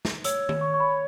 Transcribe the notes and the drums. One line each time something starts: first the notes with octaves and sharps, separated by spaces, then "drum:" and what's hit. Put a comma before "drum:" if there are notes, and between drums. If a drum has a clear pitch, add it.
drum: snare
C#5 E6, drum: hi-hat
drum: tom D#3
C#6
C#6
B5